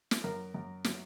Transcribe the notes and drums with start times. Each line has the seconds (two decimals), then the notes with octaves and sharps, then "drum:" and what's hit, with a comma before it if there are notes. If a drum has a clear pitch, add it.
0.11 drum: snare
0.24 F#2 A#4
0.54 F#2
0.84 F#3, drum: snare